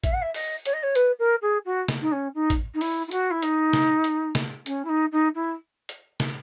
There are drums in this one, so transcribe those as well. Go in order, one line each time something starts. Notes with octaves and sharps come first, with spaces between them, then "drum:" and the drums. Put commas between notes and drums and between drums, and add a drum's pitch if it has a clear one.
E5, drum: kick, hi-hat
F#5
E5
D#5, drum: open hi-hat
C#5, drum: hi-hat
D#5
C#5
B4, drum: hi-hat
A#4
G#4
F#4
drum: snare
D#4
C#4
D#4
drum: kick, hi-hat
D#4
E4, drum: open hi-hat
E4
F#4, drum: hi-hat
E4
D#4, drum: hi-hat
drum: snare
drum: hi-hat
drum: snare
C#4, drum: hi-hat
E4
D#4
D#4
E4
drum: hi-hat
drum: snare